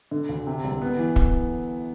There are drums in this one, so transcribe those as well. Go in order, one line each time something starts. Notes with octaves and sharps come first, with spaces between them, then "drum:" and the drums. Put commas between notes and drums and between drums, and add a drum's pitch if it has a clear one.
D3
D2
C3
C2
B3
E3
drum: kick